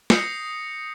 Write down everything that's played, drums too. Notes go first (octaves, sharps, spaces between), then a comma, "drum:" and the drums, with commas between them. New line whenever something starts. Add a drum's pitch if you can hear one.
D#6 G6 A#6 C7 C#7, drum: snare